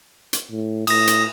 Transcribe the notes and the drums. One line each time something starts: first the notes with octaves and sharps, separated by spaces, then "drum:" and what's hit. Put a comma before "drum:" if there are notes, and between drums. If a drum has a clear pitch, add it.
drum: hi-hat
A2
A2 D#6 A#6, drum: cymbal
drum: hi-hat